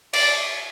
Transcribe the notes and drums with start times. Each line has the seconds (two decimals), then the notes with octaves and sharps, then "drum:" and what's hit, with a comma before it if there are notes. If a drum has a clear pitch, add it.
0.14 D5, drum: cymbal